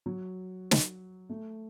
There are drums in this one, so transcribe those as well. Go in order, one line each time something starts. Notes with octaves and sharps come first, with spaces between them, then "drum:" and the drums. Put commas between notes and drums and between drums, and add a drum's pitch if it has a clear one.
F#3
drum: snare
A3